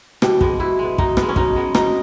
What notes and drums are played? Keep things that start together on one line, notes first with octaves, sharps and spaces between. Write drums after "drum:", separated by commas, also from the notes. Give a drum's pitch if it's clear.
B2 G4, drum: rim click
G#3 B3, drum: kick
B2 E4
G#3 B3
B2 D#4, drum: kick
G#3 B3, drum: rim click
C#4
B2 D#4, drum: kick
G#3 B3
B2 D#4, drum: rim click